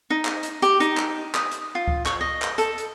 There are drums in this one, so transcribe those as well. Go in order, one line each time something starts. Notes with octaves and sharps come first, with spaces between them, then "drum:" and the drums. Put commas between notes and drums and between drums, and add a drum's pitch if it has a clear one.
D#4
drum: clap
drum: hi-hat
G4, drum: hi-hat
D#4, drum: hi-hat
drum: clap
D#6, drum: clap
drum: hi-hat
F4
drum: kick C#2
C#5, drum: clap
D#5
drum: clap
A4, drum: hi-hat
drum: hi-hat